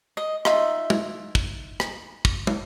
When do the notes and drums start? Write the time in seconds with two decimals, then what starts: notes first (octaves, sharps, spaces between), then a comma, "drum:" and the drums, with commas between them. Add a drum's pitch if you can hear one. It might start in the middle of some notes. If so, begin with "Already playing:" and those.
0.17 D#5
0.45 D#4 F4 E5, drum: rim click
0.90 drum: tom
1.35 drum: kick
1.80 drum: rim click
2.25 drum: kick
2.47 drum: tom